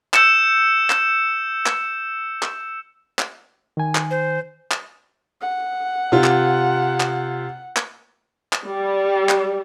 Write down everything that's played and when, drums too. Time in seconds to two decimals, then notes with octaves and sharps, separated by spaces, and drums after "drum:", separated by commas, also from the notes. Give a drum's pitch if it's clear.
0.14 E6 G6 C#7 E7, drum: clap
0.90 drum: clap
1.66 drum: clap
2.43 drum: clap
3.19 drum: clap
3.77 D#3 G#5
3.95 drum: clap
4.11 C5
4.71 drum: clap
5.41 F#5
6.12 C3 F4
6.24 drum: clap
7.00 drum: clap
7.77 drum: clap
8.53 drum: clap
8.65 G3
9.29 drum: clap